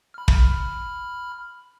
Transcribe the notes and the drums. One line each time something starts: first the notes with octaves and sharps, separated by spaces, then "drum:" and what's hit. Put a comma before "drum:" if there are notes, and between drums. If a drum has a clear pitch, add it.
B5 F6
drum: kick